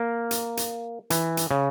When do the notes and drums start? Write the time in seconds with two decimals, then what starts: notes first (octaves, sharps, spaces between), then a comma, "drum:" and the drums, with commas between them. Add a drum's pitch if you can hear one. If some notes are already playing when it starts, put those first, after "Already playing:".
Already playing: A#3
0.31 drum: hi-hat
0.57 drum: hi-hat
1.10 E3, drum: hi-hat
1.37 drum: hi-hat
1.51 C#3